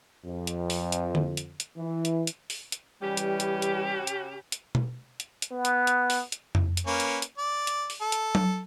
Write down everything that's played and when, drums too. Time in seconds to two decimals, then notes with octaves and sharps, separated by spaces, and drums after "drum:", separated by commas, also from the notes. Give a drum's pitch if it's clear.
0.25 F2
0.47 drum: hi-hat
0.70 drum: open hi-hat
0.92 drum: hi-hat
1.15 drum: tom D3
1.37 drum: hi-hat
1.60 drum: hi-hat
1.77 E3
2.05 drum: hi-hat
2.27 drum: hi-hat
2.50 drum: open hi-hat
2.72 drum: hi-hat
3.02 C#3 E3 G3 C#4 G4
3.17 drum: hi-hat
3.40 drum: hi-hat
3.62 drum: hi-hat
4.07 drum: hi-hat
4.52 drum: hi-hat
4.75 drum: tom B2
5.20 drum: hi-hat
5.42 drum: hi-hat
5.52 B3
5.65 drum: hi-hat
5.87 drum: hi-hat
6.10 drum: open hi-hat
6.32 drum: hi-hat
6.55 drum: tom F2
6.77 drum: hi-hat
6.87 A#3 C#4 B4
7.00 drum: hi-hat
7.22 drum: hi-hat
7.38 D5
7.67 drum: hi-hat
7.90 drum: open hi-hat
8.01 A4
8.12 drum: hi-hat
8.35 drum: tom F#3